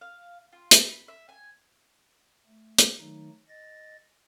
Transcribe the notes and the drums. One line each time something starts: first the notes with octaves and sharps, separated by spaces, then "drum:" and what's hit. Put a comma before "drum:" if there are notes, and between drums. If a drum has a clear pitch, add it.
F5
F4
B5, drum: hi-hat
E5
G#5
A3
drum: hi-hat
D#3 F#3 A3 D#4
D#5 A6 A#6